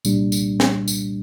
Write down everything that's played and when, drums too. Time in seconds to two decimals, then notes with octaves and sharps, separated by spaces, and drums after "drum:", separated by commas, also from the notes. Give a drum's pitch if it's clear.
0.05 C2 A#2 G3 D4, drum: tambourine
0.32 drum: tambourine
0.60 drum: snare
0.88 drum: tambourine